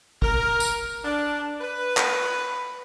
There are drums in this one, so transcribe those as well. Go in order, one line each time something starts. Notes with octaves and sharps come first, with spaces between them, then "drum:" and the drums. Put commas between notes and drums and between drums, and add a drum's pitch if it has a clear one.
A#4, drum: kick
drum: tambourine
D4
B4
drum: clap